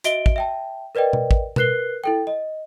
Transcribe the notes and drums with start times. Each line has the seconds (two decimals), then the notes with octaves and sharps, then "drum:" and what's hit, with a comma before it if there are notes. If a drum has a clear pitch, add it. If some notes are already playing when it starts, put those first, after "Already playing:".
0.04 F#4 D#5 E5 D7 G7, drum: hi-hat
0.26 drum: kick
0.36 E5 G5 A5
0.95 A#4 B4 D5 D#5 G5
1.13 drum: tom B2
1.31 drum: kick
1.56 A#4 B4 F#6 C7 G7, drum: tom B2
2.04 E4 A4 G5
2.27 D#5